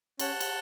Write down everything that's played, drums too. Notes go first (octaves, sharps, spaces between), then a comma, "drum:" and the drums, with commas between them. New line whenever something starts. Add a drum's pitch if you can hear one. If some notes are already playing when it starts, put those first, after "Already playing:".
C#4 F#5 A5, drum: cymbal
drum: cymbal